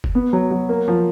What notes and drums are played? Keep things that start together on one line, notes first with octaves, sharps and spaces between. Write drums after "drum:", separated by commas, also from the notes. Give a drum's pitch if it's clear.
drum: kick F#1
B3
F#3
F#3
A#3
F3